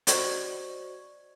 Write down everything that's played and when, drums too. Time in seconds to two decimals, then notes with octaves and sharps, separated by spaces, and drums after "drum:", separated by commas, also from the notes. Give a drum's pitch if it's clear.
0.07 F#4 C5 D5 D#5 C#6 G#6, drum: hi-hat